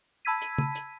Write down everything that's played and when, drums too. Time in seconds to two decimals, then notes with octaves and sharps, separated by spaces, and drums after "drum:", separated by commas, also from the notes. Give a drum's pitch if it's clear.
0.25 A5 B5 E6 G#6 B6 D#7
0.42 drum: hi-hat
0.58 drum: tom
0.75 drum: hi-hat